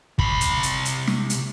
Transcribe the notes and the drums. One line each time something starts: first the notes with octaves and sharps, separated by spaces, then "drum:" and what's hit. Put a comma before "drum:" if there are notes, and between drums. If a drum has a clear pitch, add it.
C2 B5, drum: kick
drum: hi-hat
drum: hi-hat
drum: hi-hat
drum: snare
drum: hi-hat